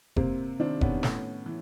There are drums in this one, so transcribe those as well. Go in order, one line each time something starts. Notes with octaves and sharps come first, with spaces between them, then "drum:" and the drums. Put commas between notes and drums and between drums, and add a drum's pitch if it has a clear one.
C3 A#3 C4, drum: kick F1
D#3 C4 D4
B3 C#4, drum: kick F1
A2, drum: snare
E3